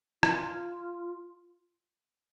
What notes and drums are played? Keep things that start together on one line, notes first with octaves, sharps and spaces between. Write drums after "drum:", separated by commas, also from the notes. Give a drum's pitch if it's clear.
F4, drum: rim click